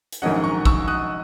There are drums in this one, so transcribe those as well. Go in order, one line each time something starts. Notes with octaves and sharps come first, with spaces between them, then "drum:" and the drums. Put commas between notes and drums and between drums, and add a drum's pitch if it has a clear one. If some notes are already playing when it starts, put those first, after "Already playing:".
drum: hi-hat
A#1 G#2 D#3 F#3 C#4 D#5 F#5
A#5 C#6
C#6 E6, drum: kick
D#6 F#6